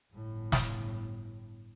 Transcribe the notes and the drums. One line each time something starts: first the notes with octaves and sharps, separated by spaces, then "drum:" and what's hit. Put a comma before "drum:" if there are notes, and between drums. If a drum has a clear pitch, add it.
G1 A2
drum: snare